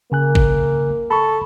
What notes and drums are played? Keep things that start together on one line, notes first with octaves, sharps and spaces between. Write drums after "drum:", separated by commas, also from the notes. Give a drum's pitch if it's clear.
C#3 A#3 G#5 F#6
drum: kick
A4 B5 C#6